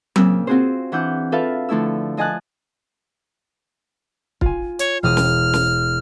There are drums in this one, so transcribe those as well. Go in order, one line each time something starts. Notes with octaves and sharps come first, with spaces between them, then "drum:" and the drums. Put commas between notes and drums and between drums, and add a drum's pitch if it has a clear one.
A#2 C#3 C4 E6, drum: tom F#3
C4 F4 F#4 G#4 C5
E3 D4 F#5 E6 G6
F4 A4 B4 E5 F5
D3 F3 A3 E4 E6
F3 D#5 G#5 A5 F#6
F4 G#5, drum: kick
C#5, drum: hi-hat
E1 D#6 F6
drum: snare
drum: snare